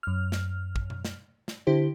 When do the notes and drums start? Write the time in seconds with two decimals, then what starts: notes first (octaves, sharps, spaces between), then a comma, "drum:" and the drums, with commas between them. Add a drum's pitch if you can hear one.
0.03 F#2 F6
0.32 drum: snare
0.76 drum: kick
0.90 drum: tom B2
1.05 drum: snare
1.48 drum: snare
1.67 D3 E4 G4 C5